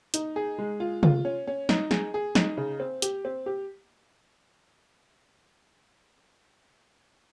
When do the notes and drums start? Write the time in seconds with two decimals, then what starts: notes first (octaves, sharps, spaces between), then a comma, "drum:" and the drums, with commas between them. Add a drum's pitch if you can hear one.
0.14 D#4, drum: hi-hat
0.36 G#4
0.58 G#3
0.80 F4
1.03 F4, drum: tom
1.25 C#4
1.47 C#4
1.69 D#4, drum: snare
1.91 G#4, drum: snare
2.14 G#4
2.35 D#4, drum: snare
2.57 C#3
2.80 C4
3.02 G4, drum: hi-hat
3.25 C4
3.46 G4